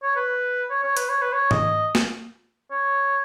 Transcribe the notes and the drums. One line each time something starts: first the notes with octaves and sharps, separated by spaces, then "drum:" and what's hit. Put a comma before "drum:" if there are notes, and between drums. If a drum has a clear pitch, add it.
C#5
B4
C#5
C#5
B4, drum: hi-hat
C#5
B4
C#5
D#5, drum: tom G#2
drum: snare
C#5